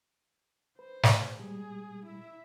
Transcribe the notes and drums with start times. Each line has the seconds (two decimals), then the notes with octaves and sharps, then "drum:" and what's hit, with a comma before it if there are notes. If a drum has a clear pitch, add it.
0.79 B4 C5
1.03 drum: snare
1.39 A#2 G3 G#3 G#4
2.06 E4 E5